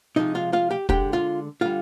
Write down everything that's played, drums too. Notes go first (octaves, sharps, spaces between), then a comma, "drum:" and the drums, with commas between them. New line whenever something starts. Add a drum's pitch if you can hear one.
C3 F3 G#3 D#4 D#5
F4 F5
F4 F5
G4 G5
D3 G#3 G4 G5, drum: kick
F4 F5
D3 G3 F4 F5